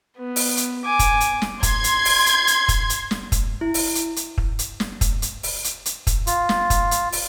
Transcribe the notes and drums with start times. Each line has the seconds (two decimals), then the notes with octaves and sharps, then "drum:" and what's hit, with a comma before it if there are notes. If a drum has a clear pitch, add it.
0.17 B3
0.36 drum: open hi-hat
0.57 drum: hi-hat
0.85 G#5 D6
0.99 drum: kick, hi-hat
1.20 drum: hi-hat
1.42 drum: snare
1.63 C6 G#6, drum: kick, hi-hat
1.84 drum: hi-hat
2.05 drum: open hi-hat
2.26 drum: hi-hat
2.47 drum: hi-hat
2.68 drum: kick, hi-hat
2.90 drum: hi-hat
3.11 drum: snare
3.32 drum: kick, hi-hat
3.61 E4
3.74 drum: open hi-hat
3.95 drum: hi-hat
4.16 drum: hi-hat
4.38 drum: kick
4.59 drum: hi-hat
4.80 drum: snare
5.01 drum: kick, hi-hat
5.22 drum: hi-hat
5.43 drum: open hi-hat
5.64 drum: hi-hat
5.86 drum: hi-hat
6.07 drum: kick, hi-hat
6.27 F4, drum: hi-hat
6.49 drum: snare
6.70 drum: kick, hi-hat
6.91 drum: hi-hat
7.12 drum: open hi-hat